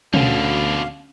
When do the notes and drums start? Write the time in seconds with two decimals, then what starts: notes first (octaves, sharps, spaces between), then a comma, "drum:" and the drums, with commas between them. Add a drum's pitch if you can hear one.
0.14 D2 B2 D3 C#4 F5, drum: tom